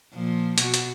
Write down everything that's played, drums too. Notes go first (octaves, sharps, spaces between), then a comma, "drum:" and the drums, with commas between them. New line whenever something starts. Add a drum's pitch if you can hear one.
A#2 F3
B2 F#4, drum: hi-hat
drum: hi-hat